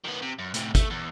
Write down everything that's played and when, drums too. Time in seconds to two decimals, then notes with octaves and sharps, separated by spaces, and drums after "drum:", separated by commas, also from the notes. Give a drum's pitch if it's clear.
0.04 D#3 B3
0.22 C3
0.39 F#2
0.54 A2 C3, drum: hi-hat
0.75 A3, drum: kick, hi-hat
0.90 E2